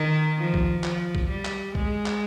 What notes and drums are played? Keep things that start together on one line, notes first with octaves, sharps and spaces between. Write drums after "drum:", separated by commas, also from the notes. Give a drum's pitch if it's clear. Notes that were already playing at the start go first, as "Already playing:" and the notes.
Already playing: D#3
F3
drum: kick
F3, drum: clap
drum: kick
G3
drum: clap
G#3, drum: kick
drum: clap